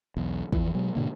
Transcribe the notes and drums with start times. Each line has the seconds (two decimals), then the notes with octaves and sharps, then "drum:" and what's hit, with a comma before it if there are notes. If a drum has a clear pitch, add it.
0.17 B1 E2
0.52 E2 E3 F3, drum: kick
0.74 B2 F#3 G#3
0.95 G#2 B2 D3 A#3